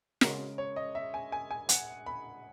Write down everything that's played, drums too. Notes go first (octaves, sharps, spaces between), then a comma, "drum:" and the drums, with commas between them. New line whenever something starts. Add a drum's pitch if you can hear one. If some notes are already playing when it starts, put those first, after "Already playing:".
C#3 G#3 C#4 A#4, drum: snare
C#5
D#5
E5
G#5
G#5
G#5
F#5, drum: hi-hat
B5